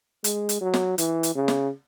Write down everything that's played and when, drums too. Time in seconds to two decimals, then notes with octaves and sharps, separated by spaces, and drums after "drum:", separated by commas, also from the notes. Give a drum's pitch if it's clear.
0.24 G#3, drum: hi-hat
0.49 drum: hi-hat
0.61 F#3
0.74 drum: snare
0.98 E3, drum: hi-hat
1.23 drum: hi-hat
1.35 C#3
1.48 drum: snare